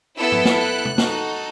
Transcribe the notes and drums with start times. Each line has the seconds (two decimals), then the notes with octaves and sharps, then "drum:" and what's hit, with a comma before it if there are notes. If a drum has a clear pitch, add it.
0.18 B3 E4 A4 E6
0.32 drum: tom
0.45 drum: snare
0.58 F#6
0.85 drum: tom
0.98 D#4 F#4 A4, drum: snare